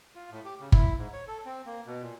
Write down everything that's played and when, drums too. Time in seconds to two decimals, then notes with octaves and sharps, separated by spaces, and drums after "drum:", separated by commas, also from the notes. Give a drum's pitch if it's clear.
0.15 F4
0.31 A2
0.45 G4
0.60 C#3
0.72 E4, drum: kick G1
0.98 G#2
1.13 C#5
1.27 A4
1.45 C4
1.66 A#3
1.87 B2
2.02 A#2